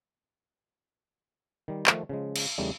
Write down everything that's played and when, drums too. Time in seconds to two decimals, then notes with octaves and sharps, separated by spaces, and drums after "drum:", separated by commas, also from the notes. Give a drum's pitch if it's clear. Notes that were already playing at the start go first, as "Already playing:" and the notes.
1.68 D#3 G3
1.87 D#3 F3 A3, drum: clap
2.09 C#3 F3 G#3
2.36 drum: cymbal
2.58 E2 C#3 G3 A3 D#4